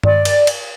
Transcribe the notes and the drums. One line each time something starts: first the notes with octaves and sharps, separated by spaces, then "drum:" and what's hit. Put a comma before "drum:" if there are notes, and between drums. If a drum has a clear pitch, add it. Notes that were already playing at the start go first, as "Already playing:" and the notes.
D5, drum: tom G2
drum: cymbal
drum: cymbal